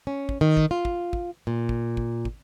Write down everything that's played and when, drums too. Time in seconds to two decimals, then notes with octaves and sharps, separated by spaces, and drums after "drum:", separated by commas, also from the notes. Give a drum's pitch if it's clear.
0.07 C#4
0.29 drum: kick
0.41 D#3
0.57 drum: kick
0.71 F4
0.85 drum: kick
1.13 drum: kick
1.47 A#2
1.69 drum: kick
1.97 drum: kick
2.25 drum: kick